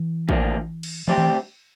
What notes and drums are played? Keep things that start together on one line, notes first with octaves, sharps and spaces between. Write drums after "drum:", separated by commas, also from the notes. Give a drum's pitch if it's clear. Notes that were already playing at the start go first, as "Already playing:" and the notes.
Already playing: E3
D2 D3 F3 A#3 D4, drum: kick A1
drum: cymbal
D2 C3 F3 G3 C4 G4
E3